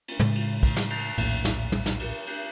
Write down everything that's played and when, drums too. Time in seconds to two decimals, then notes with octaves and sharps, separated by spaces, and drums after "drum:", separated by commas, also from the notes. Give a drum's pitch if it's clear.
0.08 drum: cymbal
0.20 A2 C#3 G#3, drum: tom
0.36 drum: cymbal
0.63 drum: kick, cymbal
0.77 drum: snare
0.90 drum: cymbal
1.18 A#1 D#2 A2, drum: cymbal
1.45 drum: snare
1.72 drum: tom
1.86 drum: snare
2.00 drum: cymbal
2.27 drum: cymbal